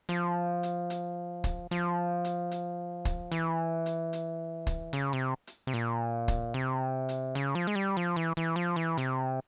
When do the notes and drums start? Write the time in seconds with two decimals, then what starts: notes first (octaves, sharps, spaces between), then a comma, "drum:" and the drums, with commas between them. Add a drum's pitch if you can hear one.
0.09 F3, drum: hi-hat
0.63 drum: hi-hat
0.90 drum: hi-hat
1.44 drum: kick, hi-hat
1.71 F3, drum: hi-hat
2.25 drum: hi-hat
2.51 drum: hi-hat
3.05 drum: kick, hi-hat
3.32 E3, drum: hi-hat
3.86 drum: hi-hat
4.13 drum: hi-hat
4.67 drum: kick, hi-hat
4.93 C#3, drum: hi-hat
5.13 C3
5.47 drum: hi-hat
5.67 C3
5.74 A#2, drum: hi-hat
6.28 drum: kick, hi-hat
6.54 C3
7.09 drum: hi-hat
7.35 C#3, drum: hi-hat
7.55 F3
7.67 G#3
7.75 G3
7.97 F3
8.16 E3
8.37 E3
8.56 F3
8.76 E3
8.98 C3, drum: hi-hat